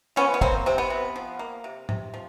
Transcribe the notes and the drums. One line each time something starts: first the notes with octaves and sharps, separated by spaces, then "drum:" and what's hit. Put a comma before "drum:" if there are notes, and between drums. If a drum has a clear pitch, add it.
F3 B3 C#4
B3
A#3 C4, drum: kick
C3 C4
B3
C3
F3
A#3
C3
C3, drum: tom G#2
F3